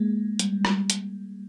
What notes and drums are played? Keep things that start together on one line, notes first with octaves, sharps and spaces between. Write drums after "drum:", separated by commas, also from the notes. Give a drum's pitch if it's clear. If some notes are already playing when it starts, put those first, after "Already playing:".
Already playing: G#3 A#3
G3, drum: hi-hat
drum: rim click
drum: hi-hat